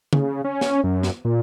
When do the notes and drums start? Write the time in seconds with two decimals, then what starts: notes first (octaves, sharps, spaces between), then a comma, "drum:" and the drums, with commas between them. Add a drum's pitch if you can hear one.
0.13 C#3, drum: tom C#3
0.44 C#4
0.61 drum: snare
0.84 F#2
1.03 drum: snare
1.25 A#2